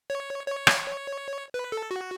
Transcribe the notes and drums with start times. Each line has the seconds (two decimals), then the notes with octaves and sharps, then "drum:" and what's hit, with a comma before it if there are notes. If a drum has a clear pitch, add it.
0.10 C#5
0.46 C#5
0.67 drum: rim click
1.54 B4
1.72 A4
1.91 F#4